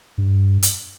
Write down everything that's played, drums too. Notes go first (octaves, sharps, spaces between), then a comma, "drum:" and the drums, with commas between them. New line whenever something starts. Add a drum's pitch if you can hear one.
G2
drum: hi-hat